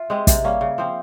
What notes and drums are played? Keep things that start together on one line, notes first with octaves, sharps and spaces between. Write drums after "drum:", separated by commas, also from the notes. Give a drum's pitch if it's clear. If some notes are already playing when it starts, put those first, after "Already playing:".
Already playing: F4 E5
G#3 C4 G4
C3 E5, drum: kick, hi-hat
G3 A#3 C#4 F5
C#3
F3 C4